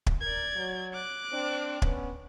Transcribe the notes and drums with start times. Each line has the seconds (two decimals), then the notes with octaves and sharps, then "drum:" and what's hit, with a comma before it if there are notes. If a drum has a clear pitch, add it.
0.06 drum: kick
0.21 A#4 D5 G#6
0.56 F#3
0.94 D6 F#6
1.32 C4 D4
1.82 B3 C#4, drum: kick